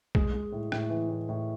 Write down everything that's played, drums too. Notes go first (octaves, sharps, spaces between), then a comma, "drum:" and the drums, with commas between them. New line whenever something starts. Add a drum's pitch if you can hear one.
G#3, drum: kick
G#3
A2
A2, drum: rim click
E3
A2
A2